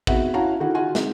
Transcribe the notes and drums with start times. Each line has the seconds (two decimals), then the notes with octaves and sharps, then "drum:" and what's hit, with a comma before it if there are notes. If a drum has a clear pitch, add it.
0.07 B3 C4 D#4 F#4 G#4 E5, drum: kick
0.34 C#4 E4 F#4 F5 A5 A#5
0.60 D3 D#3 E4 F#4 G#4
0.75 D#4 F4 F#4 G#5
0.95 G#3 C4 D#4, drum: snare